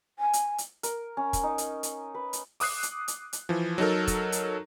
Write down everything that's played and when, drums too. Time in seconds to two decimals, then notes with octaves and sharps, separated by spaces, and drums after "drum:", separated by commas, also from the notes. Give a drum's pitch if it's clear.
0.19 G#5
0.33 drum: hi-hat
0.58 drum: hi-hat
0.83 A#4, drum: hi-hat
1.17 C#4
1.33 drum: kick, hi-hat
1.43 D#4
1.58 drum: hi-hat
1.83 drum: hi-hat
2.15 B4
2.33 drum: hi-hat
2.60 D6 D#6 F#6 C7, drum: open hi-hat
2.83 drum: hi-hat
3.08 drum: hi-hat
3.33 drum: hi-hat
3.49 E3 F3
3.78 F#3 D#4 A4 A#4
4.07 drum: kick, hi-hat
4.32 drum: hi-hat